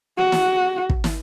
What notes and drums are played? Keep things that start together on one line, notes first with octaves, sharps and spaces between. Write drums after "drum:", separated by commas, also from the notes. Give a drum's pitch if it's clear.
F#4
drum: snare
drum: kick
drum: snare